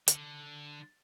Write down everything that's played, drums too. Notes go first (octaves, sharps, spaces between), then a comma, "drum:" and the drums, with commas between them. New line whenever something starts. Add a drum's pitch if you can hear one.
D3, drum: hi-hat